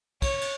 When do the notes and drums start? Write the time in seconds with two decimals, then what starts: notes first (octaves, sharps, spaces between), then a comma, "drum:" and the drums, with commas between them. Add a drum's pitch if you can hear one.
0.22 C#5, drum: kick, cymbal
0.41 drum: cymbal